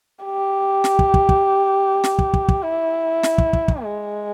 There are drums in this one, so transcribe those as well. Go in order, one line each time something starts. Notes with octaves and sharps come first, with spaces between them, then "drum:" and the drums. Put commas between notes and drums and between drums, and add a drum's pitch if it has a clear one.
G4
drum: snare
drum: kick
drum: kick
drum: kick
drum: snare
drum: kick
drum: kick
drum: kick
E4
drum: snare
drum: kick
drum: kick
drum: kick
G#3